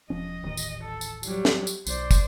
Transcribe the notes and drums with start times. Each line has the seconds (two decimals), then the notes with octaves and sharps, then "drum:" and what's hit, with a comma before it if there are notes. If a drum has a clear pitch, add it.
0.10 E1 F3 C#4 D#5
0.43 D#1 A1 D#3
0.57 drum: tambourine
0.83 A4
1.01 drum: tambourine
1.23 F#3 G3, drum: tambourine
1.45 drum: snare
1.67 drum: tambourine
1.87 B1 C5 D5, drum: tambourine
2.11 drum: kick, tambourine